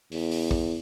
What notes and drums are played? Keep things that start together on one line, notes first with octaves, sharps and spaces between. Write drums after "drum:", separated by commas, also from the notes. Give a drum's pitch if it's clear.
E2, drum: open hi-hat
drum: open hi-hat
drum: kick